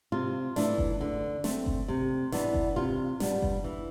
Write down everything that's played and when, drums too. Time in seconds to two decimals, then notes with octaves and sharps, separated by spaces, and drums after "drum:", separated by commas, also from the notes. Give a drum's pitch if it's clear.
0.12 C3 F4
0.56 E3 A3 D4, drum: snare
0.78 drum: kick F#1
1.01 D3
1.44 A3 C4, drum: snare
1.66 drum: kick F#1
1.88 C3
2.32 E3 B3 D4, drum: snare
2.54 drum: kick F#1
2.76 C3 F4
3.20 G3 B3 D4, drum: snare
3.42 drum: kick F#1
3.64 E3